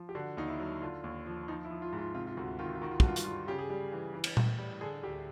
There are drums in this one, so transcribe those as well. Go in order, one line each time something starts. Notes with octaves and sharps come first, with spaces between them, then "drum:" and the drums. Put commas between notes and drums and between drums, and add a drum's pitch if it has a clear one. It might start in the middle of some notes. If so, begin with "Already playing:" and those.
Already playing: F3
G4
D3 F#4
D#2 D#4
E4
F#3
D3 F4
D#2
F3
F3 D#4
E4
F3
F4
G#2
F4
C3 F4
F4
D2 F#4
D#3 F4
F#4
F4
D#3 F#4
F4
F#4, drum: kick
G2 F4
F#4, drum: hi-hat
G3 F4
C#3 G4
G#4
G3 G4
E3
E3
drum: cymbal
A2, drum: tom A#2
G3
D3 G#4
D2 G4